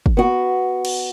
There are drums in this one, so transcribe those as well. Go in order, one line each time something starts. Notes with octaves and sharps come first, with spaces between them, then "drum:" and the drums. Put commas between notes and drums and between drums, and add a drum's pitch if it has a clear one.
drum: kick
B3 F#4
drum: cymbal